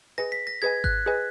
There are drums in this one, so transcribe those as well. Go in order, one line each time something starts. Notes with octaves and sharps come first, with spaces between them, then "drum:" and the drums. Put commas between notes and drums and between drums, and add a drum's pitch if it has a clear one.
G#4 B4 D#5 G#5 A#6
B6
A#6
G#4 B4 D#5 G#5 G#6
F#6, drum: kick G#1
G#4 B4 D#5 G#5